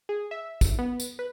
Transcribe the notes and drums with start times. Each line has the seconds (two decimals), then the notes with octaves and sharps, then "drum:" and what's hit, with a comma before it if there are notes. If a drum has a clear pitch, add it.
0.09 G#4
0.31 E5
0.61 drum: kick, tambourine
0.79 B3
1.00 drum: tambourine
1.19 B4